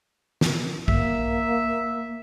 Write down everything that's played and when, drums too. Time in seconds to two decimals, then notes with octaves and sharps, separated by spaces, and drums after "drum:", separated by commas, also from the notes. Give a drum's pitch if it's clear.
0.41 drum: snare
0.88 A#3 E5, drum: kick B1